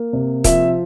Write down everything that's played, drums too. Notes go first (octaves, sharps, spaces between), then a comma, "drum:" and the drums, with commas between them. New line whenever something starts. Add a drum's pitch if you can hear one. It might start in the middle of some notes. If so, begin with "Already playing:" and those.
Already playing: A#3
C3
F3 E5, drum: kick D#1, hi-hat